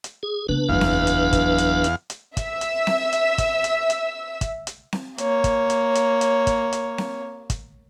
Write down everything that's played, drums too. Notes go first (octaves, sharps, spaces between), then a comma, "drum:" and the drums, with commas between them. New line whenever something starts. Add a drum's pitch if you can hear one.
drum: hi-hat
G#4
C#3 B3 D4 B4
F#1 E2 F#3 F5
drum: snare C4
drum: hi-hat
drum: kick, hi-hat
drum: hi-hat
drum: hi-hat
drum: hi-hat
E5 E6, drum: kick, hi-hat
drum: hi-hat
drum: snare C4
drum: hi-hat
drum: kick, hi-hat
drum: hi-hat
drum: hi-hat
drum: kick, hi-hat
drum: hi-hat
drum: snare C4
A#3 C#5, drum: hi-hat
drum: kick, hi-hat
drum: hi-hat
drum: hi-hat
drum: hi-hat
drum: kick, hi-hat
drum: hi-hat
drum: snare C4
drum: kick, hi-hat